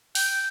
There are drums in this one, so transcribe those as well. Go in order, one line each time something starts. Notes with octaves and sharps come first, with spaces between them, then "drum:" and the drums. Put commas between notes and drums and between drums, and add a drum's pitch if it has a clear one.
G5, drum: open hi-hat